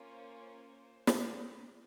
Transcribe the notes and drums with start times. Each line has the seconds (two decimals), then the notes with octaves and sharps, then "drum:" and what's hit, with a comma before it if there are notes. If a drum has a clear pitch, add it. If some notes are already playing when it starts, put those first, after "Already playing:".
Already playing: A#3 C#4 F4
0.10 C5
0.43 C5
1.07 drum: snare